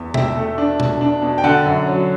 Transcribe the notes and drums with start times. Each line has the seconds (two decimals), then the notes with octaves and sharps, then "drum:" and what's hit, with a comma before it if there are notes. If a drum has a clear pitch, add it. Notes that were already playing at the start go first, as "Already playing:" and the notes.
Already playing: E2
0.14 B2 E5 G5, drum: tom B2
0.36 A3
0.58 D4
0.80 B2, drum: tom B2
1.01 D4
1.22 B2
1.38 G5
1.44 D3 F#5 A5
1.65 F#2
1.87 F#3